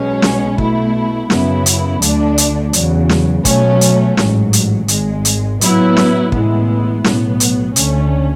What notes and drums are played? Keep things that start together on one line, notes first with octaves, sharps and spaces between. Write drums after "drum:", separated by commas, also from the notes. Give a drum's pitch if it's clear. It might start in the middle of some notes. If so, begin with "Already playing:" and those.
Already playing: B1 B2 G#3 C#4
drum: snare
B2 A3 E4, drum: kick
F#2 C#3 F#3 B3 E4, drum: snare
drum: hi-hat
D2 D3 A3 D4, drum: hi-hat
drum: hi-hat
E2 C#3 F#3, drum: hi-hat
drum: snare
B2 F#3 A3 C#4, drum: kick, hi-hat
drum: hi-hat
A1 G#2 F#3, drum: snare
drum: hi-hat
G#1 G#2 G#3, drum: hi-hat
drum: hi-hat
A2 F#3 B3 E4 B4, drum: hi-hat
drum: snare
A1 A2 G#3 B3 E4, drum: kick
B1 A2 F#3 B3, drum: snare
drum: hi-hat
D2 D3 A3 C#4, drum: hi-hat